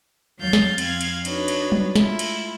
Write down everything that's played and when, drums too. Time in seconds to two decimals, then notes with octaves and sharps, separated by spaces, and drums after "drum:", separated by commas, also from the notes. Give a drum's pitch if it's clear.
0.39 D#2 F#3 F5 G6 A6
0.53 drum: snare
0.78 F2 C4 F5 G#6, drum: cymbal
1.01 drum: cymbal
1.25 D4 D#4 F#4 B4 C#5, drum: cymbal
1.48 drum: cymbal
1.72 drum: tom F#3
1.95 G#3 A3 E4 F4, drum: snare
2.19 drum: cymbal